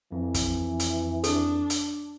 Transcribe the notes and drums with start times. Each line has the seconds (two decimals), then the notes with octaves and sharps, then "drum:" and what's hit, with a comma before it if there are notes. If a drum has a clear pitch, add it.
0.12 F2 E3
0.34 drum: kick, hi-hat
0.80 drum: hi-hat
1.24 D4 A4, drum: hi-hat
1.70 drum: hi-hat